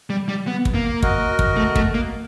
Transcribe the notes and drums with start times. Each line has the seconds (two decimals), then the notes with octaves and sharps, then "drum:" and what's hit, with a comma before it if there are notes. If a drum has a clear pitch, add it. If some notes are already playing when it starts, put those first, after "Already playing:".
0.10 G3
0.29 G3
0.47 B3
0.65 drum: kick
0.75 A#3
1.02 F#4 A#4 D#5, drum: kick
1.39 drum: kick
1.57 A3
1.76 A3, drum: kick
1.94 A#3